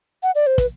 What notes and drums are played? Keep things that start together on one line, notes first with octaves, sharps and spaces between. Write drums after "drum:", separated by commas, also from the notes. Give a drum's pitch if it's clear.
F#5
D5
C5
B4, drum: kick, hi-hat